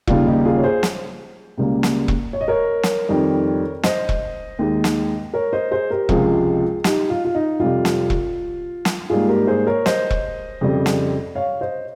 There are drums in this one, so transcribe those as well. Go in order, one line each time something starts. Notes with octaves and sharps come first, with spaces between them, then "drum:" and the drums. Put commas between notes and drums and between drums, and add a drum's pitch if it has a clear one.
D#2 C#3 G3 A#3 F4, drum: kick E1
D#4 G4
F4 G#4
C#5
G#4 C5
drum: snare
C#2 C#3 G3 A#3
drum: snare
drum: kick E1
C#5
D#5
A#4 C#5
drum: snare
F2 D#3 G3
C5 D#5, drum: snare
drum: kick E1
D#2 D#3 G#3
drum: snare
A#4 C#5
C5 D#5
G#4 C5
G4 A#4
C#2 C3 F3 G#3 F4 G#4, drum: kick E1
D#4 G4, drum: snare
F4
F4
D#4
F2 C3 G3 F4
drum: snare
drum: kick E1
drum: snare
G#2 G3 A#3 F4 G#4
G4 A#4
G#4 C5
A#4 C#5
C5 D#5, drum: snare
drum: kick E1
F2 C#3 G3
drum: snare
C#5 F5
C5 D#5